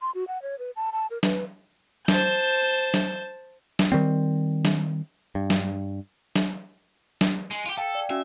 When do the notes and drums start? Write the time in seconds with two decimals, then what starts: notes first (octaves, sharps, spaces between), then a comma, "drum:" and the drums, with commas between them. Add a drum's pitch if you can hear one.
0.02 C6
0.15 F#4
0.28 F#5
0.42 C#5
0.59 B4
0.76 A5
0.92 A5
1.11 A#4
1.23 B4, drum: snare
2.08 C5 A5 G6, drum: snare
2.94 drum: snare
3.79 drum: snare
3.92 D#3 G3 C4
4.65 drum: snare
5.35 G2
5.50 drum: snare
6.36 drum: snare
7.21 drum: snare
7.51 G#3
7.66 F4 G4
7.78 A4 F5 G5
7.95 D5
8.10 C#4 F#4 E5 G#5